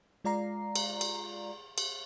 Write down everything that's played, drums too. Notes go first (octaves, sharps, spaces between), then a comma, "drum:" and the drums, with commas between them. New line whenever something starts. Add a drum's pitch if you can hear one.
G#3 F4 D5 F5 A#5 C7
drum: cymbal
drum: cymbal
drum: cymbal